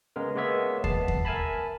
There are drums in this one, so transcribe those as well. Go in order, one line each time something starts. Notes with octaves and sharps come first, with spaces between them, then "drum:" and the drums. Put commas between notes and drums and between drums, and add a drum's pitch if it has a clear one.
C#3 G#3 B3 A#4
G#3 A#3 B3 C#5 E5
B3 A5 C7, drum: kick D#2
drum: kick D#2
A#4 E5 G#5 A5 B5